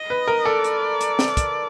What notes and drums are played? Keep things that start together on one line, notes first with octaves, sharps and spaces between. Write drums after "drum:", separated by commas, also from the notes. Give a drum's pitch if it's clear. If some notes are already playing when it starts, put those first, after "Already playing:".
Already playing: D#5
B4
A#4
A4 D5
drum: hi-hat
drum: hi-hat
drum: snare
drum: kick, hi-hat